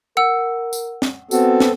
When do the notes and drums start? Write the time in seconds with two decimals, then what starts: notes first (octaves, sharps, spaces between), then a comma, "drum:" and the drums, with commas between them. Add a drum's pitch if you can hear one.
0.17 A#4 F#5 E6
0.73 drum: tambourine
1.02 drum: snare
1.31 B3 C4 F#4 A4, drum: tambourine
1.60 drum: snare